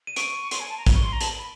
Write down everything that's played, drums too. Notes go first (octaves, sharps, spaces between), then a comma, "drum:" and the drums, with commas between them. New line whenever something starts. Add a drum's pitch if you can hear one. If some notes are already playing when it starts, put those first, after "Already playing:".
D#7
C#6 D7, drum: hi-hat
C6, drum: hi-hat
G#5
A5
A#5
B5 G7, drum: kick A1, hi-hat
C#6
C6
A#5
A5 F#7, drum: hi-hat
B5